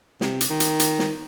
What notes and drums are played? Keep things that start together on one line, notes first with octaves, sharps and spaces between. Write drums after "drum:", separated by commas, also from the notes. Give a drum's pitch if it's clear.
C3, drum: snare
drum: hi-hat
D#3
drum: hi-hat
drum: hi-hat
drum: snare